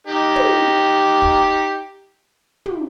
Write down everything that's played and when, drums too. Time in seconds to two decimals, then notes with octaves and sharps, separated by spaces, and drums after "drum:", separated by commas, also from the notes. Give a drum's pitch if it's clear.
0.07 D#4 G4
0.36 drum: tom
1.22 drum: kick
2.66 drum: tom